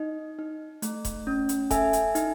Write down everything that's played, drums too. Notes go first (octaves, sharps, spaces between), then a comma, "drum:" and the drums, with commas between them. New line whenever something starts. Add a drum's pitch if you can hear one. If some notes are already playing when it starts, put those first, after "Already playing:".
Already playing: D#4 D#5
D#4
A3, drum: hi-hat
drum: kick D#1, hi-hat
C#4
drum: hi-hat
A4 E5 G#5, drum: kick D#1, hi-hat
drum: hi-hat
D#4, drum: hi-hat